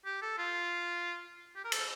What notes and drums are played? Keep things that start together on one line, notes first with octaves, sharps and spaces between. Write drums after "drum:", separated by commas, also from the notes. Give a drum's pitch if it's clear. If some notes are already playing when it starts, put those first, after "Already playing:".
G4
A4
F4
G4
A#4
A4, drum: cymbal